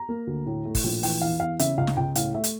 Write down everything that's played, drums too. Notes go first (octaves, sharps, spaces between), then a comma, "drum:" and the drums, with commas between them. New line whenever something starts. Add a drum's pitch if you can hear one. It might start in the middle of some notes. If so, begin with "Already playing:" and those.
Already playing: A#5
A#3
D2
A2
A3
drum: kick, open hi-hat
A#1
E3 G5, drum: open hi-hat
E2 F5
E2 F5
C#3 E5, drum: hi-hat
C#2 F5
drum: snare
C#2 G5
A2 F5, drum: hi-hat
A3 E5
drum: hi-hat